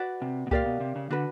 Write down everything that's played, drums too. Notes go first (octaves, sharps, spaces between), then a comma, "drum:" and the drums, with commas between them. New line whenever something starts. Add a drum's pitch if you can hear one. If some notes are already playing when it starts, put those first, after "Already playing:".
Already playing: F#4 B4 D5 F#5
C3
B2
A#2 G4 A#4 D5 F5, drum: kick C2
B2
C3
C#3
D3 D4 F#4 B4